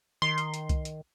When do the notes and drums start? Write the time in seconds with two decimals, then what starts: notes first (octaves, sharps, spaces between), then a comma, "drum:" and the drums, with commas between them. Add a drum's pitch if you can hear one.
0.22 D#3 C6
0.38 drum: hi-hat
0.54 drum: hi-hat
0.69 drum: kick C2, hi-hat
0.85 drum: hi-hat